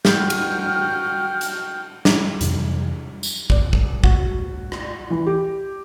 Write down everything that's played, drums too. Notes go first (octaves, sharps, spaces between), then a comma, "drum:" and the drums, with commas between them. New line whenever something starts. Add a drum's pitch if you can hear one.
F#4 G5 F6 G6, drum: snare
drum: cymbal
drum: hi-hat
drum: snare
F2 C3 E3 F#3, drum: hi-hat
drum: tambourine
D5, drum: kick
drum: kick
F#4, drum: kick
drum: rim click
E3
G4